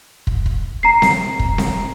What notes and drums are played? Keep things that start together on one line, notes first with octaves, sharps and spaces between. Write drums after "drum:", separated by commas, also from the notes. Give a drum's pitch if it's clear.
drum: kick
drum: kick
A#5 C7
drum: snare C4
drum: kick
drum: snare C4